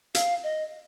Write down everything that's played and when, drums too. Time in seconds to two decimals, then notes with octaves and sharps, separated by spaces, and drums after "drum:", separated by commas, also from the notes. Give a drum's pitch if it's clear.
0.15 F5, drum: hi-hat
0.44 D#5